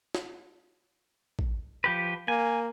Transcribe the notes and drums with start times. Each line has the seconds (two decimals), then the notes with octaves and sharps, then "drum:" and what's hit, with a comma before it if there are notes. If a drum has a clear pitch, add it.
0.15 drum: snare
1.39 drum: kick
1.84 F3 G4 B4
2.28 A#3 G#5